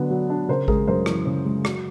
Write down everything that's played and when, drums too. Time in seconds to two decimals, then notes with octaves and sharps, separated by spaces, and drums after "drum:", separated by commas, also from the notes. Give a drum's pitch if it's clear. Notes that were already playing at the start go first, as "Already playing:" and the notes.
Already playing: D3 F#3 B3 D4
0.10 F#3
0.30 D4
0.48 C#3 A#4 C5
0.68 G#3 G#4 A#4, drum: kick A1
0.87 F#2 A#4 C5
1.06 E3, drum: rim click
1.25 C#3
1.45 G#3
1.65 F#3, drum: rim click